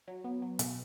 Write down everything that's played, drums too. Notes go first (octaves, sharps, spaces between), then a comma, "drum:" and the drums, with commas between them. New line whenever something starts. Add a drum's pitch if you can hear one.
F#3
B3
F#3
B2, drum: hi-hat